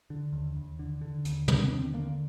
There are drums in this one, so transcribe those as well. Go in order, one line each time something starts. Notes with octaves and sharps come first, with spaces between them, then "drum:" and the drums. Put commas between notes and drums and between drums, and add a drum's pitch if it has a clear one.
D3
D#2
D#2
D3
D3
D#2, drum: hi-hat
D#2 C4, drum: tom
D4
C4
D3 D4
C4
D3 A#3